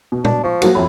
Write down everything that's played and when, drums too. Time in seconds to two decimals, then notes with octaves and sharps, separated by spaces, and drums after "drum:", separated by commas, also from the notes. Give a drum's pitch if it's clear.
0.12 B2
0.25 D4, drum: tom
0.44 F3 C#6
0.62 F#3 A#3 F#4, drum: cymbal
0.75 F2 A2 B5